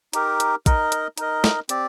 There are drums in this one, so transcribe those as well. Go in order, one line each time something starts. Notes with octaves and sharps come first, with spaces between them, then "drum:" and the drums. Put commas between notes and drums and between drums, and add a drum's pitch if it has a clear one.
D#4 G4 A#4, drum: hi-hat
drum: hi-hat
D#4 A#4 D#5, drum: kick, hi-hat
drum: hi-hat
D#4 A#4 D#5, drum: hi-hat
drum: snare
C4 G4 D5, drum: hi-hat